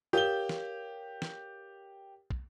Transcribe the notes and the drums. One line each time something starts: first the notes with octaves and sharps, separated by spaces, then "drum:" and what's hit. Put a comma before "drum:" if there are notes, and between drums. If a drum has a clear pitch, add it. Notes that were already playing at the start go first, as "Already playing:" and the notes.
G4 A#4 C#5 F5 G7
drum: snare
drum: snare
drum: kick